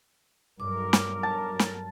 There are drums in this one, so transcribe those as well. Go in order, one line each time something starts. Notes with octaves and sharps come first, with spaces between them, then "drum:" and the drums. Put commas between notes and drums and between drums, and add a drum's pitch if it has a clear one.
B1 G2 F#3 A#4 D6
drum: snare
A5
drum: snare